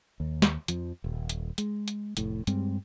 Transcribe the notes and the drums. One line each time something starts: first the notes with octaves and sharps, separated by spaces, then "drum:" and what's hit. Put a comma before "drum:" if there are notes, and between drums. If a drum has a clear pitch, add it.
D#2
drum: snare
F2 F3, drum: hi-hat
D#1
drum: hi-hat
G#3, drum: hi-hat
drum: hi-hat
F1 A2, drum: hi-hat
G2 G3 G#3 C4, drum: hi-hat